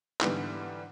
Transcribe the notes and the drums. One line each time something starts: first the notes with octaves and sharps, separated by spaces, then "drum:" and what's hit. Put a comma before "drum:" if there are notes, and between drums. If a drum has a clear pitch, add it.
G#2 D3 E3 G3 B3, drum: clap